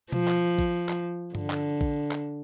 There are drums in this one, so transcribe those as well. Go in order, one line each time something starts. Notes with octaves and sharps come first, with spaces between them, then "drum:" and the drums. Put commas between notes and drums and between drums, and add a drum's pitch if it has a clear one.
F3, drum: tom B2
drum: clap
drum: kick
drum: clap
D3, drum: tom G2
drum: clap
drum: kick
drum: clap